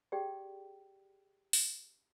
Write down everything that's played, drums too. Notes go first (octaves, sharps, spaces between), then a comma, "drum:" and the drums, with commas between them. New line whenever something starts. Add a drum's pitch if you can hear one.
G4 G#4 D5 G5
drum: open hi-hat